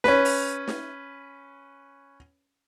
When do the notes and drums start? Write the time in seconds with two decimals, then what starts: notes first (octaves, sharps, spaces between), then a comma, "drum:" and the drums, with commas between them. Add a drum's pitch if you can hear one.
0.04 C#4 B4, drum: snare
0.25 drum: open hi-hat
0.68 drum: snare